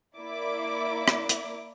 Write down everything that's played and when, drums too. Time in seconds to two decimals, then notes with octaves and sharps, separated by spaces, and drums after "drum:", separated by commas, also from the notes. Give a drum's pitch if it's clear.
0.19 A#3 E4 D5 D6
1.08 drum: rim click
1.29 drum: hi-hat